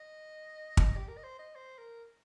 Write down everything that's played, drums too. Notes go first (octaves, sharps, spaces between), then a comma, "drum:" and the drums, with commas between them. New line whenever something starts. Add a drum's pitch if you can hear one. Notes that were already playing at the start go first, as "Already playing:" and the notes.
Already playing: D#5
drum: kick
G4
A#4
D#5
C5
D#5
C5
A#4